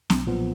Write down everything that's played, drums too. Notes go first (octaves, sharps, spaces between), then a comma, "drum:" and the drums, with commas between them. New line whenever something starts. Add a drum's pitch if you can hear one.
B1, drum: snare
A#2 F3 B3